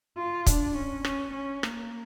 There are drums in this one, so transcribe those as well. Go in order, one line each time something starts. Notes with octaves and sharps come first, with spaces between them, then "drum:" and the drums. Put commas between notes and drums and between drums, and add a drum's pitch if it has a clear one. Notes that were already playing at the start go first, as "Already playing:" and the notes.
F4
D4, drum: kick, hi-hat
C#4
C#4, drum: rim click
C#4
A#3, drum: rim click